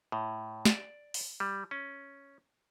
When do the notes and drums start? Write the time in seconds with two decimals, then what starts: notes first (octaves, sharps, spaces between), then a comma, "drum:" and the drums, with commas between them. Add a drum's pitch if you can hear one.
0.12 A2
0.65 D5, drum: snare
1.14 drum: open hi-hat
1.40 G3
1.71 C#4